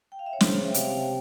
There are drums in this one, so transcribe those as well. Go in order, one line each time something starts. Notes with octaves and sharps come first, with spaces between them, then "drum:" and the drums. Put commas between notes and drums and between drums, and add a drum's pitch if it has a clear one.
G5
F5
E5
C#5
C#3 C5, drum: snare
C#5
E5
G5
C3 F5, drum: hi-hat
F5
G5